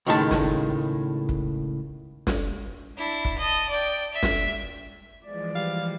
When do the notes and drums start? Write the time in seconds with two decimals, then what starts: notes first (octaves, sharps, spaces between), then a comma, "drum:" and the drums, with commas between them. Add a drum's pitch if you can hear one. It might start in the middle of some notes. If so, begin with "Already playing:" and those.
0.06 C#2 A2 D#3 G#3 A5
0.31 drum: snare
1.29 drum: kick
2.27 drum: snare
2.97 D4 E4
3.25 drum: kick
3.38 D#5 A5
3.69 D5 G5
4.13 E5
4.23 drum: snare
5.25 E3 F3 G#3 D5
5.55 G3 F5